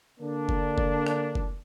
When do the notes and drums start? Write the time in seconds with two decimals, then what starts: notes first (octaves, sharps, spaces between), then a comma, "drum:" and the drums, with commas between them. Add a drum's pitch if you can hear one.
0.20 D3 A#3 D4
0.49 drum: kick
0.78 drum: kick
1.07 drum: rim click
1.35 drum: kick